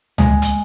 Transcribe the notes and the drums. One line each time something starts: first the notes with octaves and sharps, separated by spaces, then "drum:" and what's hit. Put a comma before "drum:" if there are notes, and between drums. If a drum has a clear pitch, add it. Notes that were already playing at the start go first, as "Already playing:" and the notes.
G#3, drum: tom C#2
drum: hi-hat